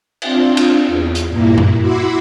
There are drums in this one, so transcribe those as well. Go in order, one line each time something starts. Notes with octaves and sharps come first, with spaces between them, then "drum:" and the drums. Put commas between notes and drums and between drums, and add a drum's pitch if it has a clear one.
C4 D4 F4, drum: cymbal
drum: cymbal
E2
drum: hi-hat
G2 A#2 A#3 E4
drum: tom F#2
E4 F#4 B5 C6 D6 E6